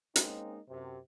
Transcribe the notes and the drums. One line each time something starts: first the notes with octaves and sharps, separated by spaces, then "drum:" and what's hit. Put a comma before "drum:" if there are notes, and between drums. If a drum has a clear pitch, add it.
G#3 A#3 C4 C#4 D#4, drum: hi-hat
F#2 C3